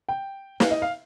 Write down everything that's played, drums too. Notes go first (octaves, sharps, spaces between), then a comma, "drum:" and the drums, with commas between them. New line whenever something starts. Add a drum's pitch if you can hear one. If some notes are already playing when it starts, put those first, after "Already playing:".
G5
F5, drum: snare
D#5
F5